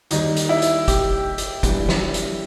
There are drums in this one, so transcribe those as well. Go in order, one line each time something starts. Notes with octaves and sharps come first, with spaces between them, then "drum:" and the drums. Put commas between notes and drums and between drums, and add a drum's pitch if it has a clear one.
D#2 D#3 G3 D#4, drum: hi-hat
drum: hi-hat
E4
drum: hi-hat
G4, drum: kick, hi-hat
drum: hi-hat
G2 E3 G3 B3, drum: kick, hi-hat
drum: snare
drum: hi-hat